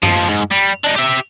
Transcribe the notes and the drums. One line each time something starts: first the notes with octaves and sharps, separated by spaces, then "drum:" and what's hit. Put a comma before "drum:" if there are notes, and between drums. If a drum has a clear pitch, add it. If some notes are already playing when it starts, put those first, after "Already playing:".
D#2 F3, drum: tom F#2
G#2
G3
D4 D#4
G4 E5